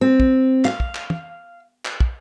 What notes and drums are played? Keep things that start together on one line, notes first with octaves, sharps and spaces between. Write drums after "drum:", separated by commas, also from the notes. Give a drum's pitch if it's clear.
C4
drum: kick
F5, drum: clap
drum: kick
drum: clap
drum: tom
drum: clap
drum: kick